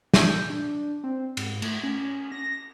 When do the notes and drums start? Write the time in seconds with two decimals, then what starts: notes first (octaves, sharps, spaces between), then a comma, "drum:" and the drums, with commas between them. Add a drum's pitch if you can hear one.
0.14 G6, drum: snare
0.50 D4
1.04 C4
1.37 G#2, drum: cymbal
1.62 A3, drum: cymbal
1.83 C#4
2.32 A#6